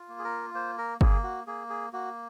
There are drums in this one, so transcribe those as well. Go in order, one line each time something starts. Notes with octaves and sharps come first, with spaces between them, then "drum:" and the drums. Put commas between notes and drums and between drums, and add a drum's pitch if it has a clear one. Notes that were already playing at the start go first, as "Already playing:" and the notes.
Already playing: F4
A#3
G#4
A#4
A#3 C5
A#4
A#3 G#4, drum: kick G1
F#4
A#3 G#4
G#4
A#3 F#4